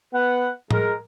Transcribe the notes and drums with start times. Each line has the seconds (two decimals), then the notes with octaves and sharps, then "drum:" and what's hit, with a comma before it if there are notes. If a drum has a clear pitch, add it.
0.13 B3 B4 F#5
0.71 G#3 A#4, drum: tom A2